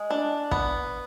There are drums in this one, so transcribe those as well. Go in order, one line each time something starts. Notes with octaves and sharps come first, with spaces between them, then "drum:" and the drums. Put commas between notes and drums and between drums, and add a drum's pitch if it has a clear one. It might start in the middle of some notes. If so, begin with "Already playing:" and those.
Already playing: G#3
D4
B3, drum: kick